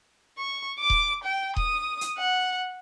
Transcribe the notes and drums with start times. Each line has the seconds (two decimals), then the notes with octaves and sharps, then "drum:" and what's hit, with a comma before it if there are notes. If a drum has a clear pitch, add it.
0.38 C#6
0.79 D6
0.90 drum: kick D#1
1.24 G5
1.56 D#6, drum: kick D#1
2.01 drum: hi-hat
2.18 F#5